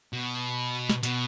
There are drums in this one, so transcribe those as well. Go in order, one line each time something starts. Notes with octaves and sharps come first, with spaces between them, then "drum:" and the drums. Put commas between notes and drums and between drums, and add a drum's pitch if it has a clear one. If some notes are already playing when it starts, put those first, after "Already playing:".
B2
drum: snare
B2, drum: hi-hat